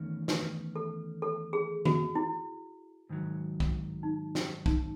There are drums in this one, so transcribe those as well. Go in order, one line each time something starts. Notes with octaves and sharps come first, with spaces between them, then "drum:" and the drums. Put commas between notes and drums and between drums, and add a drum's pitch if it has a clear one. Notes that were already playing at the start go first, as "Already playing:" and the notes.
Already playing: E2 D#3 A3 C#4
B4, drum: snare
A4
A4
G#4
F#4, drum: tom
E4
G#2 D#3 F#3
drum: kick B1
D#4
C#4, drum: snare
D#4, drum: kick B1